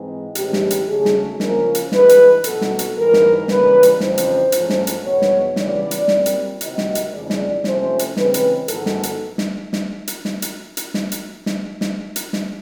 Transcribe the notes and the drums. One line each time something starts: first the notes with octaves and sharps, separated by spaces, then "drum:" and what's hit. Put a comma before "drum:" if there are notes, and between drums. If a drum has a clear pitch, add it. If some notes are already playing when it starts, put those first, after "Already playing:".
Already playing: G#2 E3 G#3 C4
A2 E3 G#3 C#4 G4, drum: hi-hat
drum: snare
drum: hi-hat
C#3 F#3 A3 G#4
drum: snare
C#3 F3 A#3 C#4 A#4, drum: snare
drum: hi-hat
G2 E3 G#3 B4, drum: snare
drum: hi-hat
B2 F#3 B3 A4, drum: hi-hat
drum: snare
drum: hi-hat
G#2 E3 G3 A#4
drum: snare
C#3 E3 G3 A#3 B4, drum: snare
drum: hi-hat
F2 C#3 E3 C5, drum: snare
drum: hi-hat
G#2 F3 A3 C#4, drum: hi-hat
drum: snare
drum: hi-hat
E2 B2 G#3 B3 C#5
drum: snare
C#3 E3 G3 B3 D5, drum: snare
drum: hi-hat
A#2 G3 C4, drum: snare
drum: hi-hat
C3 D#3 F#3 D#5, drum: hi-hat
drum: snare
drum: hi-hat
F2 C#3 E3 G#3 D5
drum: snare
C3 F3 A3 C#4 C5, drum: snare
drum: hi-hat
C#3 E3 G#3 C4 B4, drum: snare
drum: hi-hat
G#2 D#3 F#3 B3 A4, drum: hi-hat
drum: snare
drum: hi-hat
drum: snare
drum: snare
drum: hi-hat
drum: snare
drum: hi-hat
drum: hi-hat
drum: snare
drum: hi-hat
drum: snare
drum: snare
drum: hi-hat
drum: snare